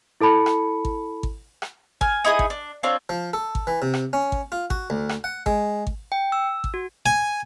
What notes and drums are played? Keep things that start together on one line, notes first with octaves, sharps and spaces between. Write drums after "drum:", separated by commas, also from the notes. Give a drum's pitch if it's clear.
E4 A4 A5 B5 C#7
drum: rim click
drum: kick G#1
drum: kick G#1
drum: rim click
G#5 F6, drum: kick G#1
D#4 E4 G#4 D#6
drum: kick G#1
D4
C4 D4 F4 C#5
F3
A4
drum: kick G#1
E3
C3
drum: rim click
C#4
drum: kick G#1
F4
F#4, drum: kick G#1
D2
drum: rim click
F#5
G#3, drum: kick G#1
drum: kick G#1
G5
E6
drum: kick G#1
F#4
G#5